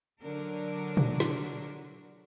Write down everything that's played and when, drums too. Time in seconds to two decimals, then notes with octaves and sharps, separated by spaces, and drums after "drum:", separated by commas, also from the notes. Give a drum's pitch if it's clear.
0.23 D3 F#3 D4 A#4
0.97 drum: tom A#2
1.20 drum: snare